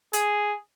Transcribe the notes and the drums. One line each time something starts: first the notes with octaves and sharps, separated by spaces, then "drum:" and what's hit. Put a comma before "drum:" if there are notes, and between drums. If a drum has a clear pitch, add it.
G#4, drum: hi-hat